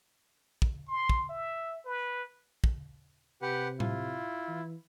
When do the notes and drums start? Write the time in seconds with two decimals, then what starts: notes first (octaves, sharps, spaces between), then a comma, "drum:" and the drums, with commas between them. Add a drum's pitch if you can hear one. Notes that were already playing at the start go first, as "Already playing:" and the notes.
0.62 drum: kick
0.88 C6
1.09 drum: kick
1.29 E5
1.85 B4
2.64 drum: kick
3.42 C3 G4 B4 F#5
3.80 E4 F4, drum: tom A2
4.48 E3